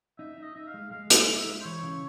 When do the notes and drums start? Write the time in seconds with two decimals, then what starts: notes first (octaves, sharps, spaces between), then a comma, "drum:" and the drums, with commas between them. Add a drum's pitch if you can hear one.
0.18 D#4 E5
0.37 D#4
0.43 D#5
0.56 D#4 E5
0.67 F5
0.74 G#3
0.91 G#3 F5
1.10 G#3, drum: hi-hat
1.16 E5
1.29 G#3
1.41 E5
1.46 G#3
1.61 C5
1.64 E3 C#5
1.83 C#3